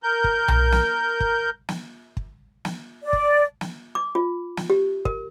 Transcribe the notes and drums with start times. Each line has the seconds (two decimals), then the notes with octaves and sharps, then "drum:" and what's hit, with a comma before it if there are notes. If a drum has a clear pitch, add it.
0.03 A#4 G6
0.24 drum: kick
0.48 drum: tom B1
0.72 drum: snare
1.20 drum: kick
1.69 drum: snare
2.17 drum: kick
2.65 drum: snare
3.04 D5
3.13 drum: kick
3.61 drum: snare
3.95 D6
4.15 F4
4.57 drum: snare
4.70 G4
5.05 A#4, drum: kick